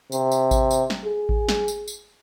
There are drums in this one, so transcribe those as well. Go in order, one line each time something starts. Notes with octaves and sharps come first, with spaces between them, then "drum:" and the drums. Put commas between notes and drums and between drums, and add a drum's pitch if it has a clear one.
C3, drum: tambourine
drum: tambourine
drum: kick A1, tambourine
drum: tambourine
drum: snare
G#4
drum: kick A1
drum: snare
drum: tambourine
drum: tambourine